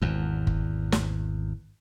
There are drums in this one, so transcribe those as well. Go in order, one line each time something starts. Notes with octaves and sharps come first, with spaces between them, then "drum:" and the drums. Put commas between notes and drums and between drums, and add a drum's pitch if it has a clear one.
G#1 E2
drum: kick
drum: snare